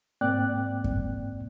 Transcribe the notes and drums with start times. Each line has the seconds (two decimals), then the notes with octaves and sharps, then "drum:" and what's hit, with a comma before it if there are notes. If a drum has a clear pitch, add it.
0.21 G#2 A#3 C4 D5 G5 F#6
0.84 drum: kick F#2